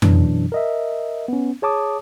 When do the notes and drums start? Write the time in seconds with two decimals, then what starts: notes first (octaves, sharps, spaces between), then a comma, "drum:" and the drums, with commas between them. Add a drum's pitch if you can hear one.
0.02 F#2 B2 E3 F#3 D4, drum: tom F2
0.52 A#4 D#5 E5
1.28 B3 C#4
1.62 G#4 C#5 A5 D6 D#6